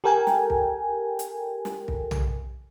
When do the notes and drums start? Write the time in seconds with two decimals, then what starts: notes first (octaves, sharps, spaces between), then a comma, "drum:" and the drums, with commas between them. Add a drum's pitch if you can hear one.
0.04 G4 A4 A#4 G5 G#5
0.27 drum: snare
0.50 drum: kick
1.19 drum: hi-hat
1.65 drum: snare
1.88 drum: kick
2.11 drum: tom